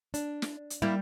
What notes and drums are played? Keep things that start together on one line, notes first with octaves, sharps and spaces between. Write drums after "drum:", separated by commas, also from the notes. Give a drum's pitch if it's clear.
D4, drum: hi-hat
drum: snare
drum: hi-hat
G3 A#3 E4